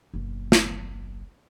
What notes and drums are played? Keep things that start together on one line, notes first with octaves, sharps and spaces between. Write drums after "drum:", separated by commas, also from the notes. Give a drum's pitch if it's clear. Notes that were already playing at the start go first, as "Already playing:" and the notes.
F#1 B1
drum: snare